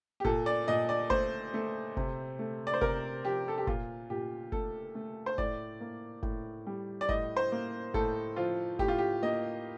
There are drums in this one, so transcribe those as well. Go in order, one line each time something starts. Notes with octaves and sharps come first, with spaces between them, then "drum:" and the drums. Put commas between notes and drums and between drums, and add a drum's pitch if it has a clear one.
G4
A#2 A4, drum: kick
D5
A#2 D#5
D5
A3 C5, drum: kick
A3
C3, drum: kick
A3
D5
C5
C3 A#4, drum: kick
F3 G4
A4
G4
A#2 F4, drum: kick
A#2 G4
A3 A4, drum: kick
A3
C5
A2 D5, drum: kick
A#3
A2, drum: kick
G3
D5
A2 D#5, drum: kick
C5
A#3
A2 A4, drum: kick
F3 F4
A2 G4, drum: kick
F4
G4
A#3 D#5